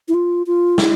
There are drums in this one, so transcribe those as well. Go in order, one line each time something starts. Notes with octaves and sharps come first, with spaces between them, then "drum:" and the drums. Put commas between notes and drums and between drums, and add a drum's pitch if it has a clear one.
E4
F4
F4
E4, drum: snare